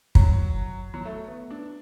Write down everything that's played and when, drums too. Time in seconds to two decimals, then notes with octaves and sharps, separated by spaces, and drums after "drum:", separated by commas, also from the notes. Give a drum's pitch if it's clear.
0.15 F#3, drum: kick
0.94 F#3
1.05 A3
1.28 B3
1.51 D4